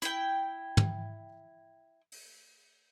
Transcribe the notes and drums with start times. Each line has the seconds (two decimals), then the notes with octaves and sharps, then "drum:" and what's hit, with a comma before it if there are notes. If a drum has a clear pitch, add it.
0.02 E4 G5, drum: hi-hat
0.77 drum: tom
2.12 drum: open hi-hat